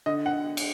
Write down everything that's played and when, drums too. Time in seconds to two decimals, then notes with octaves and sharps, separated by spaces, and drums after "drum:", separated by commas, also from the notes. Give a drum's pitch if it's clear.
0.06 D3 D#5
0.26 F#5
0.57 drum: cymbal